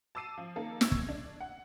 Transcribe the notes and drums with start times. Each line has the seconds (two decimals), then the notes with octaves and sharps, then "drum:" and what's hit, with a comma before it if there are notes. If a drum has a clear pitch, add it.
0.15 A5 D6 E6 C7 D#7
0.38 F3
0.56 D#3 A#3 A4
0.81 C#6 E6 G#6, drum: snare
0.92 drum: kick
1.09 D4
1.41 F#5